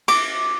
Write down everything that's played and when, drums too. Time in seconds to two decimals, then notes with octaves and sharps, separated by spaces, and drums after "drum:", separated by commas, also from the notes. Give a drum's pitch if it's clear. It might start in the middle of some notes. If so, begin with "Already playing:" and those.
0.08 D6, drum: cymbal